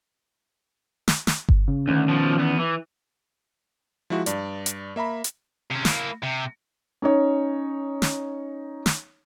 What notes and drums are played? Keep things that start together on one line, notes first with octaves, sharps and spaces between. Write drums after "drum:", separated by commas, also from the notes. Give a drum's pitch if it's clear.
drum: snare
drum: snare
drum: kick G1
C#3
D2 D#3 C#4
B2 F3
E2 B3
E3
F3 G#3 E4 F#4
G2 D5, drum: hi-hat
drum: hi-hat
A#3 E5 A#5 B5
drum: hi-hat
C3 C#4
A#3 E4, drum: snare
C3
C#4 D#4 C#5
drum: snare
drum: snare